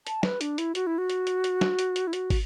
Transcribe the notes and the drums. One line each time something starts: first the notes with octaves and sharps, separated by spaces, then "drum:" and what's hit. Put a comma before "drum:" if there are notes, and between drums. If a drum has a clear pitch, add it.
A5, drum: hi-hat
B4, drum: snare
D4, drum: hi-hat
E4, drum: hi-hat
F#4, drum: hi-hat
E4
F#4
drum: hi-hat
drum: hi-hat
drum: hi-hat
drum: snare
drum: hi-hat
drum: hi-hat
E4
F#4, drum: hi-hat
drum: kick, open hi-hat